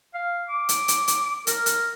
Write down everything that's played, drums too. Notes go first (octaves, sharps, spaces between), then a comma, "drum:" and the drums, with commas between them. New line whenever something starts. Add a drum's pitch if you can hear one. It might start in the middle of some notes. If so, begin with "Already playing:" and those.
F5
D6
drum: hi-hat
drum: hi-hat
drum: hi-hat
A#4, drum: hi-hat
drum: hi-hat